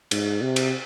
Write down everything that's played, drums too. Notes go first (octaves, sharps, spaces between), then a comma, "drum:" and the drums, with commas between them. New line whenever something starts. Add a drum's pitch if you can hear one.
G#2, drum: cymbal
C3
drum: cymbal